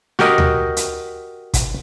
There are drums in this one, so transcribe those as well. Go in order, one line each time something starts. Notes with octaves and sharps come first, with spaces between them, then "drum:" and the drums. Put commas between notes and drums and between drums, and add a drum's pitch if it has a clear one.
F#4 G4 A#4 D#5, drum: snare
drum: tom D2
drum: hi-hat
drum: kick, hi-hat